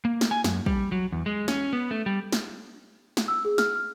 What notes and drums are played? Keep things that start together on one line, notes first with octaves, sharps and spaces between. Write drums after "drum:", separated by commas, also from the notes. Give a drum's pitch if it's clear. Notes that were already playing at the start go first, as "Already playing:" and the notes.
A#3
drum: snare
G#5
F#2, drum: snare
G3, drum: kick
F#3
E2
G#3
C#4, drum: snare
B3
A3
G3
drum: snare
drum: snare
E6
G#4
F6, drum: snare
F6